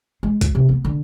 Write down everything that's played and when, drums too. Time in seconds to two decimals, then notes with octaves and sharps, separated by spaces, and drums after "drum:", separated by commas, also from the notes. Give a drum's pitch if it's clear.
0.23 G#3
0.41 D2, drum: kick, hi-hat
0.55 C3
0.69 B3
0.85 D3